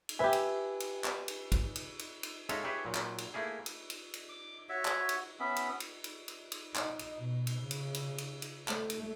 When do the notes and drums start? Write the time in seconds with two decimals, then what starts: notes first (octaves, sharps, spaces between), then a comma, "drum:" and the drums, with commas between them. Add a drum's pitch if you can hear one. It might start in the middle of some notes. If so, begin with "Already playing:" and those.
0.09 drum: cymbal
0.19 G4 B4 E5 G#5
0.33 drum: cymbal
0.80 drum: cymbal
1.04 drum: clap
1.28 drum: cymbal
1.52 drum: kick, cymbal
1.76 drum: cymbal
1.99 drum: cymbal
2.23 drum: cymbal
2.49 G#3 C#4 D#4 A4 E5 F5, drum: cymbal
2.65 G4 G#4 B4 C#5 E5
2.85 A#2 F#3
2.95 drum: clap
3.18 drum: cymbal
3.34 A3 A#3 E4 G#4
3.66 drum: cymbal
3.90 drum: cymbal
4.14 drum: cymbal
4.29 D6
4.69 F#4 C#5 E5
4.85 drum: clap
5.09 drum: cymbal
5.40 B3 C#4 E5 B5
5.56 drum: cymbal
5.80 drum: cymbal
6.04 drum: cymbal
6.28 drum: cymbal
6.52 drum: cymbal
6.75 D#4, drum: clap
6.99 drum: cymbal
7.16 B2
7.47 drum: cymbal
7.60 C#3
7.71 drum: cymbal
7.94 drum: cymbal
8.18 drum: cymbal
8.42 drum: cymbal
8.68 A3, drum: clap
8.90 drum: cymbal